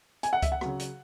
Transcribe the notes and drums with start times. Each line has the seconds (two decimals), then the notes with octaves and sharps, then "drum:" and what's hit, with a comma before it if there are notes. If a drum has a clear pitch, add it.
0.23 G#5, drum: hi-hat
0.33 F#5
0.42 E5, drum: kick C#2, hi-hat
0.52 F#5
0.61 C#3 F#3, drum: rim click
0.80 drum: hi-hat